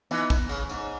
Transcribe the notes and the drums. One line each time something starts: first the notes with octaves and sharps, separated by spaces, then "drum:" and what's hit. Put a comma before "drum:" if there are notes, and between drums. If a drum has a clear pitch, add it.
E3 B3 D#4, drum: tambourine
drum: kick, tambourine
C#3, drum: tambourine
G#2, drum: tambourine